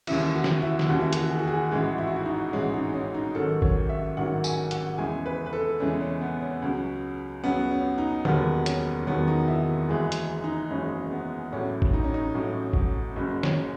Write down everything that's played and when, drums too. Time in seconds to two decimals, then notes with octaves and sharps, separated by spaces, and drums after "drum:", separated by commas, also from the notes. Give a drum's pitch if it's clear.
0.07 D#2 C#3 E3 E4, drum: cymbal
0.35 F#4
0.44 drum: snare
0.62 E4
0.79 drum: snare
0.89 D#2 C#3 E3 F#4
1.01 E4
1.13 F#4, drum: hi-hat
1.30 G#4
1.39 F#4
1.47 G#4
1.71 A1 G#2 E3 G#3 F#4
1.98 E4
2.07 F#4
2.16 E4
2.25 D#4
2.53 A1 G#2 E3 G#3 C#4
2.74 D#4
2.94 C#4
3.14 D#4
3.35 A1 G#2 D#3 F#3 A4
3.62 C#5, drum: kick G#1
3.89 E5
4.17 A1 G#2 D#3 F#3 F#5
4.44 G#5, drum: tambourine
4.71 F#5, drum: hi-hat
4.98 E2 C#3 E3 G#3 G#5
5.26 B4
5.46 B4
5.53 A4
5.80 E2 C#3 E3 G#3 C#4
6.01 C#4
6.21 B3
6.41 C#4
6.62 C#2 C#3 F#3
7.44 C#2 C#3 F#3 B3
7.71 C#4
7.98 D#4
8.25 E1 D#2 D#3 F#3 B3, drum: tom D3
8.66 C#4, drum: hi-hat
9.07 E1 D#2 D#3 F#3 B3
9.28 D#4
9.48 E4
9.89 F#1 F#2 E3 G#3 G#4
10.12 drum: hi-hat
10.44 D#4
10.70 F#1 F#2 E3 G#3 C#4
11.11 B3
11.52 A1 A2 F#3 C#4
11.82 drum: kick G#1
11.93 D#4
12.04 C#4
12.14 D#4
12.34 A1 A2 F#3
12.73 drum: kick G#1
13.16 F#1 F#2 C#3
13.43 C#4, drum: snare